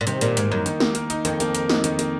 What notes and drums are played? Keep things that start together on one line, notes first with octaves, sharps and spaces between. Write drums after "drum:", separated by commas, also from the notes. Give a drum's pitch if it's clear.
A#2
C3 D#3, drum: hi-hat
A#2 A#3, drum: hi-hat
G#2 A#4, drum: hi-hat
F#2 D#4
D#3, drum: hi-hat
A#3, drum: snare
A#4, drum: hi-hat
D#4, drum: hi-hat
F2 D#3, drum: hi-hat
A#3, drum: hi-hat
A#4, drum: hi-hat
D#4, drum: snare
D#3, drum: hi-hat
A#3, drum: hi-hat